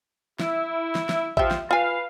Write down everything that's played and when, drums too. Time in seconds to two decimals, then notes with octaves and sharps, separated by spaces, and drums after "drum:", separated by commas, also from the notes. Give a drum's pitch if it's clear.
0.40 E4, drum: snare
0.95 drum: snare
1.09 drum: snare
1.37 F3 G4 E5, drum: kick A1
1.51 drum: snare
1.71 F4 B4 F5 G#5